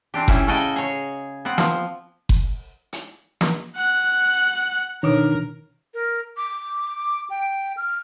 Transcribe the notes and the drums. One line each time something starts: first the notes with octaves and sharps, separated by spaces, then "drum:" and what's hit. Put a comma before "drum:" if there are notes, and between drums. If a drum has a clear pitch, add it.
E3 C4 D4 G4
A2 E3 C#4 E4, drum: kick F#1
C#3 C#4 F#4 A4 D#5 G5
G#4 C#5
B3 C4 F#5
F3, drum: snare
drum: kick F#1
drum: hi-hat
drum: snare
F#5 F#6
B2 D#3 D4 A#4 C#5
A#4
D6
G5
F6